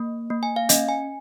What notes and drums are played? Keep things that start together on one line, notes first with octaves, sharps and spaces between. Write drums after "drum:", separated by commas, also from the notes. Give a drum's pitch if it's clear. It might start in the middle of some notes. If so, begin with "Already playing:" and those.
Already playing: A#3
A#3
G#5
F5
C#4 D#5, drum: hi-hat
G#5